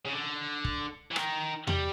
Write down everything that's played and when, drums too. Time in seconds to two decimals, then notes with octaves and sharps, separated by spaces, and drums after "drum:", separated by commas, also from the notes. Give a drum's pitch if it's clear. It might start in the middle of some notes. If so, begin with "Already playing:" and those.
0.05 C#3
0.13 D3
0.65 drum: kick
1.11 E3
1.16 D#3, drum: rim click
1.67 G3, drum: tom E2